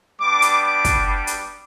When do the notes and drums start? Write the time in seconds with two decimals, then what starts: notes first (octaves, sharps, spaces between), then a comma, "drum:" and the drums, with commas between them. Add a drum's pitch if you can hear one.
0.20 G3 B3 D4 D6
0.42 drum: hi-hat
0.63 D6
0.85 drum: kick, hi-hat
1.06 D6
1.27 drum: hi-hat